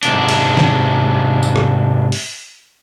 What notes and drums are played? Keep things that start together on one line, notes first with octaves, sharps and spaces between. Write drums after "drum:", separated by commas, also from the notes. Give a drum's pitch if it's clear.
G#2 C3 D4, drum: hi-hat
drum: cymbal
drum: snare
drum: tambourine
drum: rim click
drum: open hi-hat